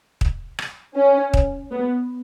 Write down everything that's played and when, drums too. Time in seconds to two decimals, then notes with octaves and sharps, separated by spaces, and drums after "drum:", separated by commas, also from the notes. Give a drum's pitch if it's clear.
0.21 drum: kick
0.59 drum: rim click
0.96 C#4
1.34 drum: kick
1.71 B3